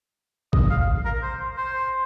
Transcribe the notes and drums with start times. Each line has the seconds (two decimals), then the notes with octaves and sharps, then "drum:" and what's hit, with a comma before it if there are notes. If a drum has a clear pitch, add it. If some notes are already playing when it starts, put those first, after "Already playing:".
0.53 D#5, drum: kick A1
0.70 F5
1.05 A#4
1.23 C5
1.57 C5